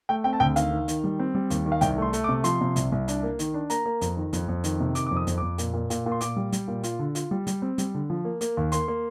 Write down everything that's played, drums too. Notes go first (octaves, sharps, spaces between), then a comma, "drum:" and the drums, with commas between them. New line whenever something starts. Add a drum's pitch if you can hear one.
A3 G5
C4 G5
A5
D2 G5
D#3 F5, drum: hi-hat
D#3
D#3, drum: hi-hat
G3
C4
G3
D#2, drum: hi-hat
D#3
F5
C2 G5, drum: hi-hat
A3 C6
A3, drum: hi-hat
D6
C3
F3 C6, drum: hi-hat
C3
C2, drum: hi-hat
C2
D4, drum: hi-hat
A#3
D#3, drum: hi-hat
D4
A#3 A#5, drum: hi-hat
A#3
F2, drum: hi-hat
D#3
F2, drum: hi-hat
F2
D#3, drum: hi-hat
C3
D#3 D6, drum: hi-hat
D6
F2
D#6
F2, drum: hi-hat
F2 D6
A#2, drum: hi-hat
A#2
A#2, drum: hi-hat
A#2
C6
A#2 D6, drum: hi-hat
G3
G3, drum: hi-hat
A#2
F4, drum: hi-hat
D3
F4, drum: hi-hat
G3
G3, drum: hi-hat
C4
G3, drum: hi-hat
D3
F3
A#3
A#3, drum: hi-hat
D#2
A#3 C6, drum: hi-hat
A#3